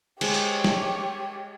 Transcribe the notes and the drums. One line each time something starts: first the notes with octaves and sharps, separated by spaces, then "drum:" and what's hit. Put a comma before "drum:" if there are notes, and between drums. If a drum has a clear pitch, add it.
G#3 G4 C5 C#5, drum: cymbal
drum: hi-hat
drum: snare